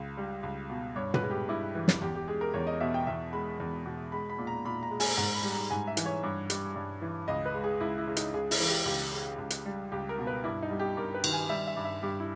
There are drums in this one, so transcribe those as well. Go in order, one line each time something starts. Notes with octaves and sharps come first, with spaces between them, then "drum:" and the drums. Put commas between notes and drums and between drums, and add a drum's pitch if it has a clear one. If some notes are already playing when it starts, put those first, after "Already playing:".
Already playing: C#2
G3
C#2
B2
G2 C#5
B4, drum: tom
G#3
G4
G2 E4
E3
drum: snare
E2 G4
G4
G#3 G#4
A#4
E2 C#5
D#5
B2 E5
G5
E2 E5
G#3 B5
E2
B2
G#3 B5
B5
A#2
A#5
A#2 B5
A#5
G#3
G#5, drum: open hi-hat
G#2 A#5
B5
G3
A#5
G#2 G#5
E5
E3, drum: hi-hat
C#5
G2
G3, drum: hi-hat
G2
E3
C#2 D#5
B4
G#3
G#4
C#2 E4
E4
C#3
D#4, drum: hi-hat
C#2 G#4
E4, drum: open hi-hat
E3
G4
C#2 G4
C#3
C#2
drum: hi-hat
G3
C#2 G4
A#4
B2
B4
G2 E4
D#4
G3
G4
G2 A#4
B4
D#3, drum: cymbal
G#5
G3 E5
E5
G2
E5
G2 G4
E4